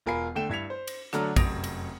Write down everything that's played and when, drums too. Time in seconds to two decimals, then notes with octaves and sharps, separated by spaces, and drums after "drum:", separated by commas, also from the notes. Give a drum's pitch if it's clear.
0.06 E1 F4 A#4 G#5 B5 C7
0.35 D3 A3 G5 E7
0.49 G2 E4 G#6 B6 C#7 F7
0.70 C5
0.87 drum: cymbal
1.13 D3 F#3 A3 D4 A#5 F6, drum: rim click
1.36 F1 F#2 D#6 A#6 D7 F7, drum: kick, cymbal
1.64 drum: cymbal